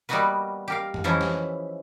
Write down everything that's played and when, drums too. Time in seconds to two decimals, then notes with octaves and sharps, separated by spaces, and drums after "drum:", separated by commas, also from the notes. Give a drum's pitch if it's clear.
0.09 G3 A#3 B3 D#4 F#4 B4
0.68 G4 A#4 F5
0.94 drum: tom F2
1.04 E3 F3 C#4 D#4 E4
1.21 drum: snare